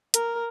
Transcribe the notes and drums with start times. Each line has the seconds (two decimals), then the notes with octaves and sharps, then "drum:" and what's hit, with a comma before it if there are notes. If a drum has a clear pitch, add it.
0.14 A#4, drum: hi-hat